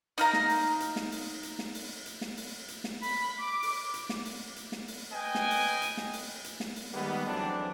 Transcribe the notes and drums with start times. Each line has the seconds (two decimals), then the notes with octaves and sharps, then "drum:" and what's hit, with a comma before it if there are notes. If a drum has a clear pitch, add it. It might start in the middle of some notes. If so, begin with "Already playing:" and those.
0.18 D#4 F5 A#5, drum: hi-hat
0.33 drum: snare
0.49 drum: open hi-hat
0.80 drum: hi-hat
0.96 drum: snare
1.12 drum: open hi-hat
1.43 drum: hi-hat
1.59 drum: snare
1.74 drum: open hi-hat
2.06 drum: hi-hat
2.21 drum: snare
2.37 drum: open hi-hat
2.68 drum: hi-hat
2.84 drum: snare
3.02 B5, drum: open hi-hat
3.39 D6
3.62 drum: open hi-hat
3.94 drum: hi-hat
4.09 drum: snare
4.25 drum: open hi-hat
4.56 drum: hi-hat
4.72 drum: snare
4.88 drum: open hi-hat
5.13 B4 D#5 G5 G#5
5.35 drum: snare
5.50 drum: open hi-hat
5.82 drum: hi-hat
5.97 drum: snare
6.13 drum: open hi-hat
6.44 drum: hi-hat
6.60 drum: snare
6.76 drum: open hi-hat
6.93 D#3 G3 G#3 A#3 B3
7.26 D2 E3 F#3 C4 D4